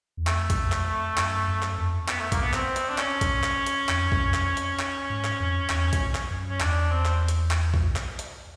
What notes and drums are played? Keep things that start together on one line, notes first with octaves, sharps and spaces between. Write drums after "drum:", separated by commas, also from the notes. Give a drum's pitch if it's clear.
E2
F2 A3, drum: clap
drum: kick A#1, hi-hat
drum: clap
F#2, drum: clap
F#2
drum: clap
F2
B3, drum: clap
A3
A#3, drum: kick A#1, hi-hat
B3
C4, drum: clap
drum: hi-hat
D4
C#4, drum: clap
drum: kick A#1, hi-hat
drum: clap
drum: hi-hat
F2, drum: clap
drum: kick A#1
drum: clap
drum: hi-hat
drum: clap
G#2
drum: clap
F2
E2, drum: clap
drum: kick A#1, hi-hat
drum: clap
F#2
C#4
E2 D4, drum: clap
C4
drum: clap
drum: hi-hat
drum: clap
drum: kick A#1
drum: clap
drum: hi-hat